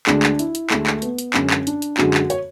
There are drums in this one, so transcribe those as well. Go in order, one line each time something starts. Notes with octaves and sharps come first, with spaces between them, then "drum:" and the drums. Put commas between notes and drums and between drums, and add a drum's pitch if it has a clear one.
D2 D3 G#3 D4, drum: clap
drum: clap
E4, drum: hi-hat
drum: hi-hat
D2 D3 G#3 A3, drum: clap
drum: clap
B3, drum: hi-hat
drum: hi-hat
F#2 D3 G#3 C#4, drum: clap
drum: clap
D4, drum: hi-hat
drum: hi-hat
F#2 D3 G#3 F#4, drum: clap
drum: clap
C#5, drum: hi-hat